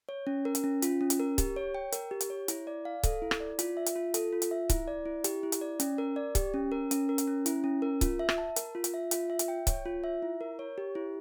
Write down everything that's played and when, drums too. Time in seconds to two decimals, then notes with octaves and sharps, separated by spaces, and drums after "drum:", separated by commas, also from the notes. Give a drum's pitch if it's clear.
0.09 C#5
0.27 C#4
0.45 A#4
0.55 drum: hi-hat
0.64 C#4
0.82 F4, drum: hi-hat
1.01 C#4
1.10 drum: hi-hat
1.20 A#4
1.38 G4, drum: kick C#1, hi-hat
1.56 C#5
1.74 G5
1.92 A#4, drum: hi-hat
2.11 G4
2.21 drum: hi-hat
2.30 C#5
2.48 E4, drum: hi-hat
2.67 D5
2.85 F5
3.03 A4, drum: kick C#1, hi-hat
3.22 E4
3.31 drum: rim click
3.40 D5
3.59 F4, drum: hi-hat
3.77 E5
3.86 drum: hi-hat
3.95 F4
4.14 A4, drum: hi-hat
4.33 F4
4.42 drum: hi-hat
4.51 E5
4.69 E4, drum: kick C#1, hi-hat
4.88 D5
5.06 E4
5.24 G4, drum: hi-hat
5.43 E4
5.52 drum: hi-hat
5.61 D5
5.80 C#4, drum: hi-hat
5.98 A#4
6.16 D5
6.35 G4, drum: kick C#1, hi-hat
6.54 C#4
6.72 A#4
6.91 C#4, drum: hi-hat
7.09 A#4
7.18 drum: hi-hat
7.27 C#4
7.46 E4, drum: hi-hat
7.64 C#4
7.82 A#4
8.01 F4, drum: kick C#1, hi-hat
8.19 E5
8.29 drum: rim click
8.38 A5
8.56 A#4, drum: hi-hat
8.75 F4
8.84 drum: hi-hat
8.94 E5
9.11 F4, drum: hi-hat
9.30 E5
9.39 drum: hi-hat
9.48 G5
9.67 C#5, drum: kick C#1, hi-hat
9.86 F4
10.04 E5
10.22 E4
10.41 A#4
10.59 C#5
10.78 G4
10.95 E4